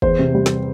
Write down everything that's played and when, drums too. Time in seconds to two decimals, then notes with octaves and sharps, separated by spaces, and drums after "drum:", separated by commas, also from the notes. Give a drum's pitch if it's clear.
0.02 E2 C5, drum: kick
0.19 C3
0.35 G3
0.46 drum: snare